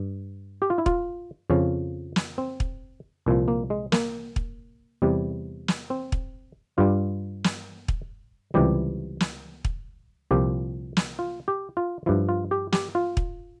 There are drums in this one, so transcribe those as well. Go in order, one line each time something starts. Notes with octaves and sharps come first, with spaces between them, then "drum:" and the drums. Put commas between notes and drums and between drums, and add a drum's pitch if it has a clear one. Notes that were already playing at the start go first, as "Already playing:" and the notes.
Already playing: G2
G4
F4
E4
F4, drum: kick
F2 C#3 F3 C#4
drum: snare
C4
drum: kick
C2 A#2 F3
A#3
G#3
A#3, drum: snare
drum: kick
E2 C3 G3
drum: snare
C4
drum: kick
G2 G3 F4
drum: snare
drum: kick
C#2 C3 E3 G3 G4
drum: snare
drum: kick
C2 A#2 F3 G4
drum: snare
F4
G4
F4
G2 F3 E4
F4
G4
G4, drum: snare
F4
drum: kick